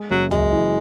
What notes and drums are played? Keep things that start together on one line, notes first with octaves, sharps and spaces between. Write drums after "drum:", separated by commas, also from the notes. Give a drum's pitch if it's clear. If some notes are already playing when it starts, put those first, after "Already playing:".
Already playing: G#3
F#1 F#3
F#2 G#3, drum: tom
E3